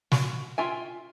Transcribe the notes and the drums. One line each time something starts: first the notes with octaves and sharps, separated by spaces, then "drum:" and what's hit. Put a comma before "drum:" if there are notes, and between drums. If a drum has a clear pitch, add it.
F#4, drum: snare
F4 E5 G5 G#5